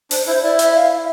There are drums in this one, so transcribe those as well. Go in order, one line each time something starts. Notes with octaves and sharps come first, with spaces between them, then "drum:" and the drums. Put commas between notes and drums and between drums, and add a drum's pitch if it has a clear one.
D4 C5, drum: open hi-hat
E4 C5
E4 D5
E5, drum: hi-hat
F5
E5